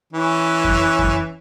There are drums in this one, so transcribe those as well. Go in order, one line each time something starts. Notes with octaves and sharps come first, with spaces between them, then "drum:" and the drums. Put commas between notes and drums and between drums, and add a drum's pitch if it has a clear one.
E3 C#4
drum: kick F2
drum: kick F2